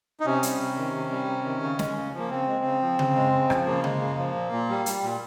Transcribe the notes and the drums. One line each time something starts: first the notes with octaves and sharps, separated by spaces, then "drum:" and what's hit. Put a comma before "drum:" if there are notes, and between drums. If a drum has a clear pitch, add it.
D#4
C3 C#4
G3, drum: hi-hat
C3
D#3
C3
G3
C3
D#3
C#3
G#3, drum: snare
C#3
F3 A#3
C#3 C4
G#3
C#3
F3
C#3, drum: tom C#3
G#3
C#3
F3, drum: rim click
C#3 A#3
G#3, drum: tom C#3
C#3
F3
A#2
A#2
G3
G3, drum: hi-hat
A#2